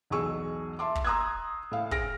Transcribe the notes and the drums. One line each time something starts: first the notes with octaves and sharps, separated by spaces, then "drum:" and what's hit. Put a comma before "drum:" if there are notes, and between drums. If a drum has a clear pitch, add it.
B1 E2 B2 G#4 C#6 E6
E5 A5 C6 D6
drum: kick
A#5 C6 D#6 E6 F#6 G#6
A2 F5
G#4 F6 A#6 D7, drum: kick